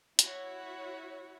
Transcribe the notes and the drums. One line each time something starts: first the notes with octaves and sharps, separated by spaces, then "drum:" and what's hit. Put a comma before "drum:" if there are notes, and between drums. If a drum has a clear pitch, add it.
E4 F#4 C#5, drum: hi-hat